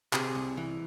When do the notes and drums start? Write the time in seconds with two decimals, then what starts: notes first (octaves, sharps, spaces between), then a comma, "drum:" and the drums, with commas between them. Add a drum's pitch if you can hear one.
0.13 C3 G#4, drum: clap
0.35 C2
0.57 E3